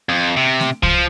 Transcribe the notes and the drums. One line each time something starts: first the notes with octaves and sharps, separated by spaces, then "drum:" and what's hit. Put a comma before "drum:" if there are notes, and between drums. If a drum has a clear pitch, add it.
F2
C3
drum: snare A3
F3, drum: kick C2